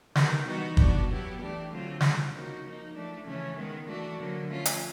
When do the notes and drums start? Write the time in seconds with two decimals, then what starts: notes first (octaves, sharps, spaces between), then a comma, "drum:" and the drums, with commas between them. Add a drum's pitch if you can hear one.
0.15 D#3 F#3 B3 D#4 G4, drum: snare
0.46 E3 G3 B3 D#4 F#4
0.77 G3 B3 D4 F#4, drum: kick
1.08 F#3 B3 E4 G4
1.39 E3 A3 D4 G4
1.70 D3 F#3 A3 C4 F4
2.00 D3 G3 C4 F4, drum: snare
2.32 C#3 F3 A#3 D#4 F#4
2.62 F3 A#3 D#4
2.94 F3 A3 D4
3.24 C#3 E3 A3 C#4
3.55 D#3 G#3 B3
3.87 E3 A3 D4 F#4
4.17 D3 F#3 A#3
4.48 F3 A3 C#4 F4
4.65 drum: hi-hat